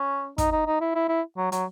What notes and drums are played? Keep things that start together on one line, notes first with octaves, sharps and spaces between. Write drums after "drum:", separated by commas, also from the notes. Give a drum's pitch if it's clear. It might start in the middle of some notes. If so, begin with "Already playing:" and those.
Already playing: C#4
D#4, drum: kick, hi-hat
D#4
D#4
E4
E4
E4
F#3
F#3, drum: hi-hat